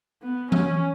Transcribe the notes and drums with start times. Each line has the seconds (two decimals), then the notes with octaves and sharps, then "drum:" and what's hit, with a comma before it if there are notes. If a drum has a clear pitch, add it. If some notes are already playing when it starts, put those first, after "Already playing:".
0.22 B3
0.52 C#4, drum: tom E3